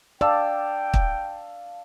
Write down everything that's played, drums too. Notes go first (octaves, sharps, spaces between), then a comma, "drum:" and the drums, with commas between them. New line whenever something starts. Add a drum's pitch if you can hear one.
D5 F5 G5 A5 E6
drum: kick